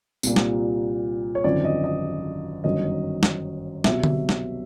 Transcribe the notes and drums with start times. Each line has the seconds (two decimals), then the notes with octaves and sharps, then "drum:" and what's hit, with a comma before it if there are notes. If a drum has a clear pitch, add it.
0.23 C2 A#2 G3, drum: tambourine
0.36 drum: snare
1.35 C#5
1.44 G#1 F#2 D3 F3 D5
1.65 D#5
1.84 D#5
2.64 G1 F#2 D#3 F#3 D#5
3.23 drum: snare
3.84 C2 B2 F#3 E5, drum: snare
4.04 drum: tom D3
4.29 drum: snare